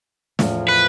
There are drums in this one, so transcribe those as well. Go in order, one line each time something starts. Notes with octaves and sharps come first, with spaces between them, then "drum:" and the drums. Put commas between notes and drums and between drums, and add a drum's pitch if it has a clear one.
E2 A2 F3, drum: snare
B4